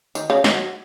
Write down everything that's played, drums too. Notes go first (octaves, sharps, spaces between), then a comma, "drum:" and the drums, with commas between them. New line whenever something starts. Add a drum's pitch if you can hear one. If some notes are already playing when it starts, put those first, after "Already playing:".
D#3, drum: tambourine
C#3
D#3, drum: snare
F#3